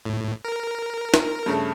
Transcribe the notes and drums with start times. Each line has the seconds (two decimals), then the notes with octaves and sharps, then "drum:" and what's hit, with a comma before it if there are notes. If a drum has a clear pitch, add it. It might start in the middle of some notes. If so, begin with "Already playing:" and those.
0.05 A2
0.45 A#4
1.14 drum: snare
1.46 G2 C#3 A3